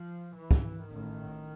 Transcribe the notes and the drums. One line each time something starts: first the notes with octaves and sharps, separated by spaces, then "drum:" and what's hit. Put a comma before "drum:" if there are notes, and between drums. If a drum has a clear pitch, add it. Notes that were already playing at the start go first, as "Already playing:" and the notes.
Already playing: F3
E3
drum: kick
A1 A2 D#3